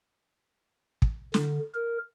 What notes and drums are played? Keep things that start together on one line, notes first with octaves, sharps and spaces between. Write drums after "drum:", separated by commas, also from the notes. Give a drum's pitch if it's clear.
drum: kick
D3, drum: snare
A#4